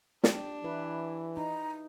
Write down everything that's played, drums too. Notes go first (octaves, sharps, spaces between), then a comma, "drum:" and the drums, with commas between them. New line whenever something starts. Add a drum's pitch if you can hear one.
D4 G4, drum: snare
E3 E4 B4
D#4 A#5